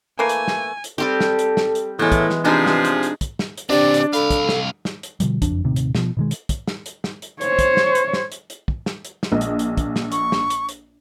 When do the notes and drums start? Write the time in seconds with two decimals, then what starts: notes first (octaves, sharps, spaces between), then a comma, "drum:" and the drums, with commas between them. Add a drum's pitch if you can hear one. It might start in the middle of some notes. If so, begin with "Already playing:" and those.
0.19 E3 A3 A#3 G#5
0.29 drum: hi-hat
0.48 drum: snare
0.84 drum: hi-hat
0.98 G3 C4 G4 A4
1.21 drum: snare
1.39 drum: hi-hat
1.57 drum: snare
1.75 drum: hi-hat
1.99 A2 E3 G#3 B3
2.12 drum: kick, hi-hat
2.30 drum: snare
2.45 C3 F3 G#3 D4 D#4 G#4
2.66 drum: snare
2.85 drum: hi-hat
3.03 drum: hi-hat
3.21 drum: kick, hi-hat
3.39 drum: snare
3.58 drum: hi-hat
3.70 D3 C4 D4 G4 D5
3.94 drum: hi-hat
4.13 C2 A4 F5 B5, drum: hi-hat
4.30 drum: kick, hi-hat
4.49 drum: snare
4.85 drum: snare
5.03 drum: hi-hat
5.20 B2 D3 F3 G3, drum: hi-hat
5.42 F#1 F2 D4, drum: kick, hi-hat
5.64 D#1 A2 C3 D#3
5.76 drum: hi-hat
5.95 B2 F3, drum: snare
6.17 B2 D#3 G#3
6.31 drum: hi-hat
6.49 drum: kick, hi-hat
6.68 drum: snare
6.86 drum: hi-hat
7.04 drum: snare
7.22 drum: hi-hat
7.41 C5 C#5, drum: hi-hat
7.59 drum: kick, hi-hat
7.77 drum: snare
7.95 drum: hi-hat
8.13 drum: snare
8.32 drum: hi-hat
8.50 drum: hi-hat
8.68 drum: kick
8.86 drum: snare
9.05 drum: hi-hat
9.23 drum: snare
9.32 A#1 D#5
9.41 drum: hi-hat
9.59 drum: hi-hat
9.77 drum: kick, hi-hat
9.96 drum: snare
10.12 C#6, drum: hi-hat
10.32 drum: snare
10.50 drum: hi-hat
10.69 drum: hi-hat